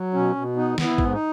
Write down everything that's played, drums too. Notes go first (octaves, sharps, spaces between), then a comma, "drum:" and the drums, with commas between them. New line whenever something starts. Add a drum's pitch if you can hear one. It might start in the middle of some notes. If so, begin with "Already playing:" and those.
Already playing: F#3
B2 C#4
B2
B3 D#4
B3, drum: snare
E4
G#2, drum: kick
D#4